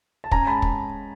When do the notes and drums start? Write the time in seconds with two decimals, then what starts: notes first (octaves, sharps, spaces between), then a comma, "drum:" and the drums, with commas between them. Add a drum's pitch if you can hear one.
0.24 A5
0.31 C#4 G#5 A#5, drum: kick
0.47 G#3 A5 B5
0.62 drum: kick